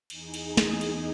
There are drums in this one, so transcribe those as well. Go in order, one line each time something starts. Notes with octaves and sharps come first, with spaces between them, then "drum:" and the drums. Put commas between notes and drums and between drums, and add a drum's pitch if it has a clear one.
E2 D#4 G#4, drum: cymbal
drum: cymbal
drum: snare
drum: cymbal